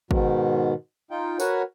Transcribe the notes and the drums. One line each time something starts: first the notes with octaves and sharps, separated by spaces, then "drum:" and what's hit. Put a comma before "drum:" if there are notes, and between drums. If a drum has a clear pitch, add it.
G#2 B2 D#3, drum: kick
D#4 F4 G5
F#4 A#4 B4 C#5 F#5 G#5, drum: tambourine